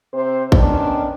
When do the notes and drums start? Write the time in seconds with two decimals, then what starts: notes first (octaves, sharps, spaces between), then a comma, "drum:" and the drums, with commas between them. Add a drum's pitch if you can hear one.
0.13 C3 C4 C5
0.52 D#3 B3 C#4 D4, drum: kick